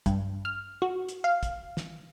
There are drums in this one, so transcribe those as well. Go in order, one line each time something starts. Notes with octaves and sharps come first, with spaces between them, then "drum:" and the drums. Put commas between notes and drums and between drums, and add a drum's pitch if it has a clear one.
G2, drum: kick, hi-hat
F6
F#4
drum: hi-hat
F5
drum: kick, hi-hat
drum: snare